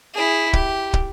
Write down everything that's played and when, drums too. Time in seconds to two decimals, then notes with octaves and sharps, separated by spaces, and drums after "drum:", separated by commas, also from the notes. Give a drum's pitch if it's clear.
0.15 E4 G#4
0.53 G4, drum: kick
0.93 drum: kick